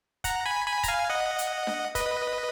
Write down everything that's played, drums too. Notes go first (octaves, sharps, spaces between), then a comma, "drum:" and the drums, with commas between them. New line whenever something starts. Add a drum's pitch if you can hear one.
F#5 A#5, drum: kick, hi-hat
G#5 B5
G#5 B5
A#5, drum: kick, hi-hat
F5 G#5
D#5 F#5
drum: hi-hat
drum: snare D4
B4 D#5, drum: kick, hi-hat